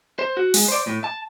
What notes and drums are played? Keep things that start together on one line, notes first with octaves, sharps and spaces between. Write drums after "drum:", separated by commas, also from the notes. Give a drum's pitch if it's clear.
C5
F#4
G#3, drum: open hi-hat
C5 D5
A2
A5